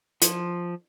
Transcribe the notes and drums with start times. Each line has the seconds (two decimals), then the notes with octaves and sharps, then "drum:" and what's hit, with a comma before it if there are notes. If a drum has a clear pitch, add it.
0.22 F3, drum: hi-hat